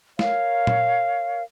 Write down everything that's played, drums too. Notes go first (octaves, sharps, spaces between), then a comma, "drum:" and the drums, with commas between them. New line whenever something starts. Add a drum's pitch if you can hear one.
A#4 C#5 F5, drum: snare
drum: tom